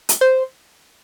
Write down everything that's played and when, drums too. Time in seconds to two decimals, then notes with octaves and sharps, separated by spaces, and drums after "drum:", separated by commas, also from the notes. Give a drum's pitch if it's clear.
0.09 drum: hi-hat
0.21 C5